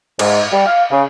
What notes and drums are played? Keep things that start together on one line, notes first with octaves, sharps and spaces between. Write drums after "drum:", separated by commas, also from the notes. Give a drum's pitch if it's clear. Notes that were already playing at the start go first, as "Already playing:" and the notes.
G#2, drum: cymbal
G3
F5
C#3